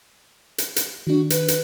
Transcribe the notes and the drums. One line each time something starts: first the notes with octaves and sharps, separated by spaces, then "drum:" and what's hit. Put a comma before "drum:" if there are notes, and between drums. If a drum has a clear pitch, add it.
drum: hi-hat
drum: hi-hat
D#3 D4 F#4
B4, drum: hi-hat
drum: hi-hat